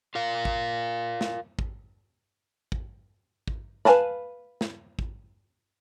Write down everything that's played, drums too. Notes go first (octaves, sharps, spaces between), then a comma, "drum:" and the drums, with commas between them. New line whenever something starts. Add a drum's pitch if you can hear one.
F4 A#4 F5
drum: kick
drum: snare
drum: kick
drum: kick
drum: kick
B4 F5 G#5 A5 B5, drum: snare
drum: snare
drum: kick